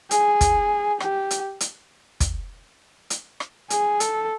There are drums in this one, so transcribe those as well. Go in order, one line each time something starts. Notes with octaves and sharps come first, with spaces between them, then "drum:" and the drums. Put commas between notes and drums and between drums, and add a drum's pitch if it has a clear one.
G#4, drum: hi-hat
drum: kick, hi-hat
G4, drum: rim click
drum: hi-hat
drum: hi-hat
drum: kick, hi-hat
drum: hi-hat
drum: rim click
G#4, drum: hi-hat
A4, drum: hi-hat